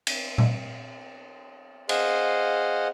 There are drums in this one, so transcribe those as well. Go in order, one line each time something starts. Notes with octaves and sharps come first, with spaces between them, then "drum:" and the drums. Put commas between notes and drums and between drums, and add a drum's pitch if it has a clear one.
drum: cymbal
drum: tom A#2
G#4 C5 D#5 F5 F#5, drum: cymbal